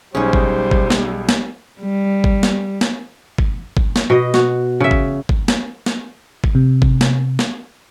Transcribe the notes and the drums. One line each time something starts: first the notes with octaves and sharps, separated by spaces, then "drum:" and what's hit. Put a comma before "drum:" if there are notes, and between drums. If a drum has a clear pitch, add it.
B1 G3 C#4 D#4 G#4 C5
drum: kick
drum: kick
drum: snare
drum: snare
G3
drum: kick
drum: snare
drum: snare
drum: kick
drum: kick
drum: snare
B2 D#5
F#4, drum: snare
C#3 E5
drum: kick
drum: kick
drum: snare
drum: snare
drum: kick
C3
drum: kick
drum: snare
drum: snare